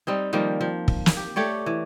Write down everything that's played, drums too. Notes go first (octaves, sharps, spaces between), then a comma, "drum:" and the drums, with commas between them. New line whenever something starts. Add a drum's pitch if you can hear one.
G3 C4 D#4
D#3 F3 G3 A#3
F3
drum: kick
drum: snare
G4
A3 G4 C#5 D5
E3